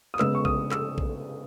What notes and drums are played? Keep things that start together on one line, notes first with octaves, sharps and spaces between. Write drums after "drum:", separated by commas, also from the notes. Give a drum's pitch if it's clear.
D#6
C#3 G#3 B3 E6, drum: clap
C#6
D#6, drum: kick A#1
E6, drum: clap
drum: kick A#1